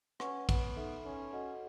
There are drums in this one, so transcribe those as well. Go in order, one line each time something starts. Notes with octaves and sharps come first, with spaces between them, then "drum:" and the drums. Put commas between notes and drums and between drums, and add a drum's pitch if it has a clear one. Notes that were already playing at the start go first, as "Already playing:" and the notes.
C#4 B4 F#5 C#6, drum: rim click
B3, drum: kick, cymbal
D#4 A4 E5 B5
C#4
F#4 A4 D#5 F#5